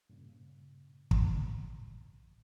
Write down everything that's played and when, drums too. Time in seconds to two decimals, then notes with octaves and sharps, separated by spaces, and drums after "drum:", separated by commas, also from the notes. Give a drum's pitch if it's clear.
0.10 G2 A#2 C#3
1.11 drum: kick